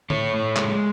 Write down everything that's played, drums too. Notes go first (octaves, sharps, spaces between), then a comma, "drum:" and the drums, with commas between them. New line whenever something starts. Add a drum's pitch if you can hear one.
A2 A4 C#5, drum: tom
A2
G#3, drum: clap